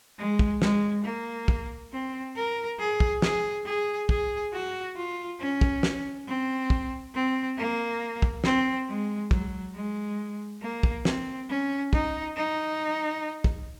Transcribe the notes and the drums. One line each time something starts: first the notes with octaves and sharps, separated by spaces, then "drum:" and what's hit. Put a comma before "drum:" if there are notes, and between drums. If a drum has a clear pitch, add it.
G#3
drum: kick
G#3, drum: snare
A#3
drum: kick
C4
A#4
G#4
drum: kick
G#4, drum: snare
G#4
G#4, drum: kick
F#4
F4
C#4
drum: kick
drum: snare
C4
drum: kick
C4
A#3
drum: kick
C4, drum: snare
G#3
F#3, drum: kick
G#3
A#3
drum: kick
C4, drum: snare
C#4
D#4, drum: kick
D#4
drum: kick